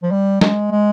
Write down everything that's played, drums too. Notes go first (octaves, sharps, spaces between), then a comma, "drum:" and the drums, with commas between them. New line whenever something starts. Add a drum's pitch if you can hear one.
F3
G3
G#3, drum: snare
G#3